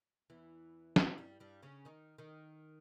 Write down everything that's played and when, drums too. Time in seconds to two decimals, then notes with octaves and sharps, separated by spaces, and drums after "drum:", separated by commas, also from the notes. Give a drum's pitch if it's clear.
0.30 E2 E3
0.96 drum: snare
1.18 G2 G3
1.40 G2 G3
1.63 C#3 C#4
1.85 D#3 D#4
2.18 D#3 D#4